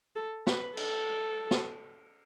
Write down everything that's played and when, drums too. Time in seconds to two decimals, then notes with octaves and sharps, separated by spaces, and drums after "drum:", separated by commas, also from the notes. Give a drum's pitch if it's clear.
0.16 A4
0.47 B4, drum: snare
0.77 A4, drum: cymbal
1.51 drum: snare